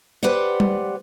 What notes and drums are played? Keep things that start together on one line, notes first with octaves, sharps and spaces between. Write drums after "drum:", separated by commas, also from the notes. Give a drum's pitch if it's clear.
G4 B4 C5 D5 F#5
drum: tom G3